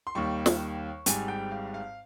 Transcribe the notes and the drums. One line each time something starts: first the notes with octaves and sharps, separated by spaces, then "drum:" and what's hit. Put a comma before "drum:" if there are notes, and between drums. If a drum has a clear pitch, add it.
C6
D#2 D#3 G3 C#6
drum: snare
G#1 G#2 G3 G#5, drum: hi-hat
G5
F5
F5